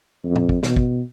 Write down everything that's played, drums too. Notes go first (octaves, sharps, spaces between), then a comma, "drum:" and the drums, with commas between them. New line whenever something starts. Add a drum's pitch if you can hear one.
F2
drum: tom A#2
drum: kick
B2, drum: snare
drum: kick